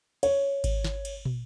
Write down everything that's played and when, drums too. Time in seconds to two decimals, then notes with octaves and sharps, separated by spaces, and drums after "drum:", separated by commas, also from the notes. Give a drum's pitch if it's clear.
0.23 C#5, drum: cymbal
0.64 drum: kick G#1, cymbal
0.84 drum: snare
1.05 drum: cymbal
1.25 drum: tom